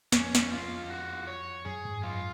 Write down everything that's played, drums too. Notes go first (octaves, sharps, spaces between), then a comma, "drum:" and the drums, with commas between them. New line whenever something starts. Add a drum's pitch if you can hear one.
F2 C#4, drum: snare
drum: snare
F4
F#4
C#5
F#2 G#4
G#2
F#2 F4